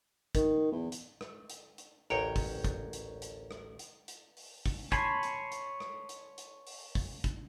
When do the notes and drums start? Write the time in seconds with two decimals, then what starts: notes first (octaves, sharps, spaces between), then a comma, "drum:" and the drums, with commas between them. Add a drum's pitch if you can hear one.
0.35 D#3, drum: kick, hi-hat
0.72 E2
0.92 drum: hi-hat
1.21 drum: rim click
1.50 drum: hi-hat
1.78 drum: hi-hat
2.10 A1 D2 A#4 C#5 G5 A#5
2.36 drum: kick, open hi-hat
2.64 drum: kick, hi-hat
2.93 drum: hi-hat
3.22 drum: hi-hat
3.51 drum: rim click
3.79 drum: hi-hat
4.08 drum: hi-hat
4.37 drum: open hi-hat
4.66 drum: kick, open hi-hat
4.92 C#5 G#5 A5 B5 C6, drum: kick, hi-hat
5.23 drum: hi-hat
5.52 drum: hi-hat
5.80 drum: rim click
6.09 drum: hi-hat
6.38 drum: hi-hat
6.67 drum: open hi-hat
6.95 drum: kick, open hi-hat
7.24 drum: kick, hi-hat